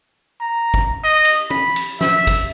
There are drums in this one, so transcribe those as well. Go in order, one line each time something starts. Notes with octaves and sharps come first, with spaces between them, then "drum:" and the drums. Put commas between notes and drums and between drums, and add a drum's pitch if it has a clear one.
A#5
drum: kick
D#5
drum: cymbal
B5, drum: tom
drum: cymbal
E5, drum: snare
drum: kick, cymbal